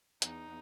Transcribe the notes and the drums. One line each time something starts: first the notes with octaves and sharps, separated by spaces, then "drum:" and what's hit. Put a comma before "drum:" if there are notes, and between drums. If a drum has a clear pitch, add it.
E2 D#4, drum: hi-hat